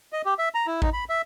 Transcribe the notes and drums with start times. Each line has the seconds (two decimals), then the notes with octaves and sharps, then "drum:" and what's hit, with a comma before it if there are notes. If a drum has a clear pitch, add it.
0.13 D#5
0.25 G4
0.39 E5
0.55 A#5
0.67 E4
0.82 D#4, drum: kick A1
0.93 B5
1.10 E5